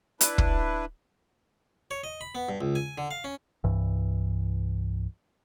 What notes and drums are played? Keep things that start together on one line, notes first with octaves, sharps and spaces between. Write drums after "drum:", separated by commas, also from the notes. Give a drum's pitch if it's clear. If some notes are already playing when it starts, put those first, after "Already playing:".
D4 E4 B4, drum: hi-hat
drum: kick
C#5
D#5
B5
B3
G2
C#2
G#5
D3
F5
C#4
C2 G2 E3